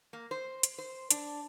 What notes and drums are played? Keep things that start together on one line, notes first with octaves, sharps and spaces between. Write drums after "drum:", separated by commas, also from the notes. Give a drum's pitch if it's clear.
A#3
C5
drum: hi-hat
C5
D4, drum: hi-hat